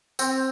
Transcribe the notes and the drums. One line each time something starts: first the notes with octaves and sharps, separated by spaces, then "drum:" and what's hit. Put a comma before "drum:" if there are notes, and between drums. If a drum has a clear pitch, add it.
C4, drum: tambourine